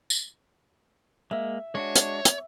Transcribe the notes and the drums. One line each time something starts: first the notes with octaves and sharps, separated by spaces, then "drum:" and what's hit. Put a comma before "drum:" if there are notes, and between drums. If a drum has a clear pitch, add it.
drum: tambourine
G#3 A#3 E5
G#3 D4 F#4 C#5
drum: hi-hat
drum: hi-hat